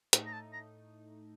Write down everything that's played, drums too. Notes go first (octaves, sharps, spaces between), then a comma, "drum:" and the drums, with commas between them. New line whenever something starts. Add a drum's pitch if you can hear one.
A2 A3 D#4, drum: hi-hat
A#5
A5
A#5